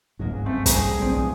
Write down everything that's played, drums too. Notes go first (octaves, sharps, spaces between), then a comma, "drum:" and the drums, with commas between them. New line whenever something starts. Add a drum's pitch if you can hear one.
G1 C#2 G#2 F#3 G#3 A#3
A3 C4
G3 A#3 G#4 A4 C5 A#5, drum: kick, hi-hat
B1 E2 A#2 F#3 A3 C4 D4 D5